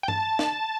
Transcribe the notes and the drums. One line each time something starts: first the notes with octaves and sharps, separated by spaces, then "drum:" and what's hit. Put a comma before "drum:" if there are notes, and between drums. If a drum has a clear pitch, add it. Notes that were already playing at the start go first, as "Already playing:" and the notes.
G5
A5, drum: tom G2
drum: snare